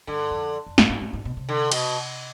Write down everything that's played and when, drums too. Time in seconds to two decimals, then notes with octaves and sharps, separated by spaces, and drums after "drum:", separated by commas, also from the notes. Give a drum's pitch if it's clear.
0.07 G2 D3
0.31 F2
0.66 F2
0.78 G2, drum: snare
0.90 G#2
1.01 G#2
1.13 G#2
1.25 B2
1.37 C3
1.49 D3
1.72 B2, drum: cymbal